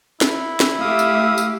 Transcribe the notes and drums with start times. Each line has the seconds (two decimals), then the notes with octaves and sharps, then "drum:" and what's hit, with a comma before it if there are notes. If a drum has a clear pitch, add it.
0.21 E4, drum: snare
0.60 drum: snare
0.80 A3 G4 E5 F5 D#6
0.99 drum: tambourine
1.38 drum: tambourine